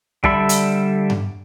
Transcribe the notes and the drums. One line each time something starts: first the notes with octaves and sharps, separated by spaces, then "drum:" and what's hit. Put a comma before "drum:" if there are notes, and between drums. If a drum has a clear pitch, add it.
D3 G3 A4 E5 B5, drum: kick
drum: hi-hat
drum: tom G2